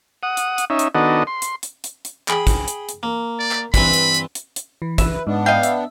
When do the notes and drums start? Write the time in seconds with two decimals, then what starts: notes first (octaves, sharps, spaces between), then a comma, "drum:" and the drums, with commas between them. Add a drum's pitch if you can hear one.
0.23 F#5 D#6
0.37 drum: hi-hat
0.58 drum: hi-hat
0.70 C#4 D#4 E5
0.79 drum: hi-hat
0.95 D#3 B3 D4 F#4 A4 D#5
1.27 C6
1.42 drum: hi-hat
1.63 drum: hi-hat
1.84 drum: hi-hat
2.05 drum: hi-hat
2.28 G#4 G5 B5, drum: clap
2.47 drum: kick, hi-hat
2.68 drum: hi-hat
2.89 drum: hi-hat
3.03 A#3
3.39 D5
3.52 drum: clap
3.74 G2 E3 C4 B5, drum: kick, hi-hat
3.93 drum: hi-hat
4.14 drum: hi-hat
4.35 drum: hi-hat
4.56 drum: hi-hat
4.82 E3
4.98 B4 E5, drum: kick, hi-hat
5.27 G#2 B3 D4
5.46 D#5 F5 G5
5.63 E5, drum: hi-hat